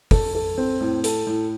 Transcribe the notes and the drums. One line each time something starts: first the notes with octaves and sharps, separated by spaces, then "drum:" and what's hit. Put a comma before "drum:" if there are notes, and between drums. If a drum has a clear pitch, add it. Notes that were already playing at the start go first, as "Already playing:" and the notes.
A4, drum: kick, open hi-hat
A4
C4
A2
A4, drum: hi-hat
A2